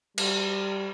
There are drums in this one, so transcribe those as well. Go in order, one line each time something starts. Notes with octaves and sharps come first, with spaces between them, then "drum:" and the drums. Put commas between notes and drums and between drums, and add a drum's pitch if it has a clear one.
G3, drum: cymbal